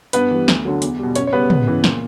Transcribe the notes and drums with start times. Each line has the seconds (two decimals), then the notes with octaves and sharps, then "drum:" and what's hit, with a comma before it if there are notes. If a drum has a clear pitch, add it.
0.13 G2 B3 B4, drum: hi-hat
0.31 E3 G3
0.48 D2, drum: snare
0.65 D3 F#3
0.82 E2, drum: hi-hat
0.99 B2 G3
1.15 F#2 C#4 C#5, drum: hi-hat
1.27 C#5
1.32 C#3 G3 B3 B4
1.50 C#2, drum: tom
1.67 C#3 E3
1.84 A#2, drum: snare